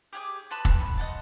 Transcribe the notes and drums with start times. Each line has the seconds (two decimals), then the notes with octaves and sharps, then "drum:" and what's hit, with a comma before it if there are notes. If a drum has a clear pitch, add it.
0.13 G4 G#4 D6
0.50 F4 B4 A5 B5
0.65 drum: kick
0.97 D#5 F#5 A5